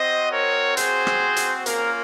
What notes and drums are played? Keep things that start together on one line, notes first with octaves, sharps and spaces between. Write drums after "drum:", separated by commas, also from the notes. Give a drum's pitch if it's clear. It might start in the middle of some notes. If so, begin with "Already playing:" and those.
Already playing: C4 F#4 C5 D#5
A#4 C#5
G#4 C5, drum: hi-hat
drum: rim click
drum: hi-hat
A#3 C#4 F4 A#4, drum: hi-hat